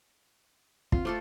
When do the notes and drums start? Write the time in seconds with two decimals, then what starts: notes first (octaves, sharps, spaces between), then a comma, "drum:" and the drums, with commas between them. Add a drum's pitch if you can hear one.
0.92 D#2 C4 F4, drum: kick
1.05 A3 F4 A4 C5 D6